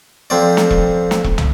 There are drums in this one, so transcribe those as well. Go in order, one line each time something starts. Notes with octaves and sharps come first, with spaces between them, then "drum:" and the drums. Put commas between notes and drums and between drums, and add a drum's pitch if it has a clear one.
F2 C4 D5
drum: snare
drum: kick E1
drum: snare
drum: kick E1
drum: tom